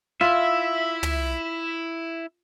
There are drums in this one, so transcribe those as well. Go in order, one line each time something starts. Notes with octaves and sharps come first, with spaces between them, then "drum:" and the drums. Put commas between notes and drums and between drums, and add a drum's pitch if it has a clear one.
E4 F4 E5
drum: tom